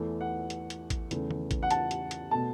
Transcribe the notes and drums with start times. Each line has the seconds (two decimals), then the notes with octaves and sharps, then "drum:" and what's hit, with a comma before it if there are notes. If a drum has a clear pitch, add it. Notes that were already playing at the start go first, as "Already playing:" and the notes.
Already playing: E2 E3 A3
0.21 F#5
0.50 drum: hi-hat
0.70 drum: hi-hat
0.90 drum: kick A1, hi-hat
1.11 E2 C#3 A3, drum: hi-hat
1.31 drum: tom
1.51 drum: kick A1, hi-hat
1.63 F#5
1.71 A5, drum: hi-hat
1.91 drum: hi-hat
2.11 drum: hi-hat
2.31 B2 A3 A5